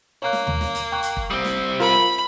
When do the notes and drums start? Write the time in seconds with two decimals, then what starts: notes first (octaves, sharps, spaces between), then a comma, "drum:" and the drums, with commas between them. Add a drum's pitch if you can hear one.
0.22 A#3 C#5 F5 F#6
0.33 drum: snare
0.47 drum: tom D#2
0.61 drum: snare
0.75 drum: hi-hat
0.92 G5 C#6 F#6
1.03 drum: hi-hat
1.17 drum: kick
1.31 G3 C4 D#6
1.45 drum: snare
1.80 F4 A#4 B5